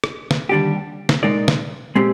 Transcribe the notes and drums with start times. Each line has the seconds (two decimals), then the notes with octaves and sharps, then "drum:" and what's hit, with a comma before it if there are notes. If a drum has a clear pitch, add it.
0.04 drum: rim click
0.31 drum: snare
0.49 D#2 D3 G3 D4 G4
1.09 drum: snare
1.23 A#2 G#3 D#4 A#4 D5
1.48 drum: snare
1.95 A#2 G#3 C4 G4